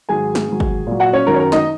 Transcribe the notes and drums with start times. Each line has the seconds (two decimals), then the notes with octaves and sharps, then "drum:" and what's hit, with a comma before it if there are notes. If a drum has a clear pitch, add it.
0.09 G#2 D#3 F#3 G#4 G#5
0.35 drum: snare
0.48 G#2 D#3 F#3
0.60 drum: kick
0.87 A#2 F#3
1.00 F#4 F#5
1.13 C#4 C#5
1.26 F#2 D#3 F#3 A#4
1.34 C#5
1.39 A#4
1.52 D#4 D#5, drum: snare